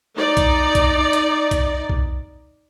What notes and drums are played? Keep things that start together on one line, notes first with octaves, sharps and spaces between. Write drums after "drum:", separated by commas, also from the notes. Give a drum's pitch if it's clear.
D#4 D5
drum: kick, hi-hat
drum: kick, hi-hat
drum: hi-hat
drum: kick, hi-hat
drum: kick